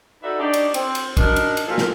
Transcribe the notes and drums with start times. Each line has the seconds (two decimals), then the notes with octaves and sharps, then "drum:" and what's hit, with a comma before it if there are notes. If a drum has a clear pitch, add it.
0.23 D#4 F#4 A4 B4 D5 E5
0.40 D4 D#4 G4 C#5 D5
0.54 drum: cymbal
0.74 C4, drum: cymbal
0.95 drum: cymbal
1.17 F#2 D4 D#4 A#4, drum: kick, cymbal
1.36 drum: cymbal
1.57 drum: cymbal
1.67 A#2 F3 F#3 A#3 A4 F5
1.78 drum: snare